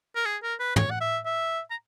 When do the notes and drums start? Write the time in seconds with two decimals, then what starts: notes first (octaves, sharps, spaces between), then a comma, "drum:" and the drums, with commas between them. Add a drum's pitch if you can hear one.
0.16 A#4
0.26 G#4
0.43 A#4
0.59 B4
0.76 C#5, drum: tom
0.91 F#5
1.01 E5
1.25 E5
1.71 A#5